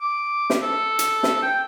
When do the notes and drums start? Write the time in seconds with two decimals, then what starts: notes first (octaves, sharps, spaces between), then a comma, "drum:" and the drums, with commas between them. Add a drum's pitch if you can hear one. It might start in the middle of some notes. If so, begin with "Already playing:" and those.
0.01 D6
0.50 drum: snare
0.63 A4
0.99 drum: hi-hat
1.23 drum: snare
1.43 G5